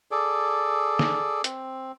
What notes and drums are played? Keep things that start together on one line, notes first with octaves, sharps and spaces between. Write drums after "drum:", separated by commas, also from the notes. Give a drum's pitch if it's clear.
G#4 A4 D5
drum: snare
C4, drum: hi-hat